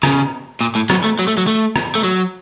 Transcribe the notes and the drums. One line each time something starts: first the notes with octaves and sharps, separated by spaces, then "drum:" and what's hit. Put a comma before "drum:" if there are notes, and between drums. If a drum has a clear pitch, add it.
C#3, drum: rim click
A#2
A2
F#3, drum: rim click
A3
F#3
A3
F#3
A3
drum: rim click
A3
F#3